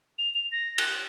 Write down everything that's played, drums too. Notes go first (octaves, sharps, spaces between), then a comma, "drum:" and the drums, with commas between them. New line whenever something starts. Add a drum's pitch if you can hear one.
F7
F7
A#6
F#6, drum: cymbal